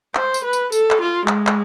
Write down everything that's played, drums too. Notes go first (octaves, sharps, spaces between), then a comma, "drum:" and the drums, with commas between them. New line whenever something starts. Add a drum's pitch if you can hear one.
C5, drum: clap
drum: tambourine
B4
drum: tambourine
A4, drum: tambourine
drum: clap
F4
G#3, drum: clap
drum: clap